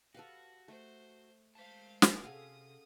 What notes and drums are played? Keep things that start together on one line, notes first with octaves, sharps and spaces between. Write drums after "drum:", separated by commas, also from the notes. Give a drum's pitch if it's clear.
F#4 G4 A4 B4 F5
A3 C5
G#3 C5 F5 A5
drum: snare
C3 C#4 F#4 G#4 A4 F5 D#6